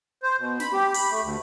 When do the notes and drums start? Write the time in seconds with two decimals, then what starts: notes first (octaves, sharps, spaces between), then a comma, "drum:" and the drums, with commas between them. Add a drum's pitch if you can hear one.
0.23 C5
0.38 B2
0.60 B5, drum: snare
0.73 G4
0.94 B5, drum: open hi-hat
1.10 A3
1.22 D2